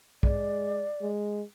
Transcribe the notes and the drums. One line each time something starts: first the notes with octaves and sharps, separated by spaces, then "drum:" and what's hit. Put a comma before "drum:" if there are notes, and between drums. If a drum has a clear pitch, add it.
G#3 D5, drum: kick
G#3